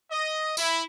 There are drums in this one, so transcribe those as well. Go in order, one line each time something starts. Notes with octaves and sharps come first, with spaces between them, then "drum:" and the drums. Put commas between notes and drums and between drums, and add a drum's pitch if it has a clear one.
D#5
E4, drum: tambourine